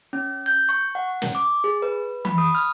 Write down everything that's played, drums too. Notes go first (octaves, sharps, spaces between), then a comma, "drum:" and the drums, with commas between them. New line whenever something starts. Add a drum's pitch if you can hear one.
C#4
G6
C#6
F#5
drum: snare
D6
G#4
B4
B5, drum: tom E3
D#6
F6